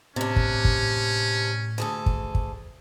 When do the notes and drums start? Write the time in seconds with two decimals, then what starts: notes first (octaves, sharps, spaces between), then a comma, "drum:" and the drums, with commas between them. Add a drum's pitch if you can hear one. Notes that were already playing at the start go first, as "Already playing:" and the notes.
0.16 A2 C3 C#4 D4
0.36 drum: kick
0.65 drum: kick
1.78 D2 G#4 A4
2.06 drum: kick
2.35 drum: kick